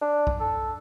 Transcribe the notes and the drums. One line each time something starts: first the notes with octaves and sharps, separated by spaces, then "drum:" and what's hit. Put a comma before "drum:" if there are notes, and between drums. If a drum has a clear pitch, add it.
D4
drum: kick B1
A4